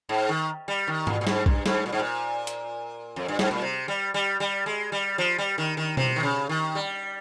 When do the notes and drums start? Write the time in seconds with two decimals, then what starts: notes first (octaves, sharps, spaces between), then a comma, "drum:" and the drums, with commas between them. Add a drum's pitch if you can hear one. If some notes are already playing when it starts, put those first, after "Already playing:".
0.09 G#2
0.29 D#3
0.68 G3
0.88 D#3
1.07 A#2, drum: tom G#2
1.21 A#2
1.27 G#2, drum: snare
1.46 G2, drum: kick B1
1.66 G#2, drum: snare
1.86 A#2
1.92 G#2
1.99 A#2
2.47 drum: hi-hat
3.16 F2
3.28 G2
3.39 G#2, drum: snare
3.51 A#2
3.62 C3
3.88 G3
4.14 G3
4.40 G3
4.66 G#3
4.92 G3
5.18 F3
5.38 G3
5.58 D#3
5.77 D#3
5.97 C3, drum: tom B2
6.16 D#3
6.23 C#3
6.49 D#3
6.75 G3